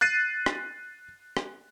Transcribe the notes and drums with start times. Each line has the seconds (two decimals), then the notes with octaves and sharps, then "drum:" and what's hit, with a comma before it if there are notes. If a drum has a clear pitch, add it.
0.01 F#6 A6 C7 D#7
0.46 drum: rim click
1.37 drum: rim click